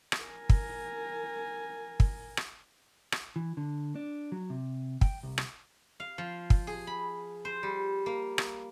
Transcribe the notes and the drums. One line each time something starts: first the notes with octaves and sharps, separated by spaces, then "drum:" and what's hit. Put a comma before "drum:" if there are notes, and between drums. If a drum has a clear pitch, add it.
drum: rim click
A#4 G#5
drum: kick
drum: kick
drum: rim click
drum: rim click
E3
D3
D4
F#3
C3
G5, drum: kick
C2
drum: rim click
F5
F3
drum: kick
G#4
B5
C5
G3
A#3
drum: rim click